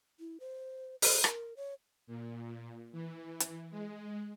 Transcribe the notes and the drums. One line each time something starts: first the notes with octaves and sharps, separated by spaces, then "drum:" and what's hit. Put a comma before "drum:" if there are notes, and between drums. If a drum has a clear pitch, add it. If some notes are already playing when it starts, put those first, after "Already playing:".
E4
C5
C5, drum: open hi-hat
A#4, drum: rim click
C#5
A#2
E3
drum: hi-hat
G#3